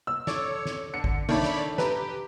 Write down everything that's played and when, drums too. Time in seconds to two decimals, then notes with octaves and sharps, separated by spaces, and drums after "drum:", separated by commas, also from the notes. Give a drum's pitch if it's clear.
0.07 E6
0.27 A4 C#5 D5, drum: snare
0.66 drum: snare
0.94 D3 C#7
1.04 drum: kick A1
1.29 D#3 A3 D4 C#5 D5 B5
1.43 drum: snare
1.78 G4 B4 A#5, drum: snare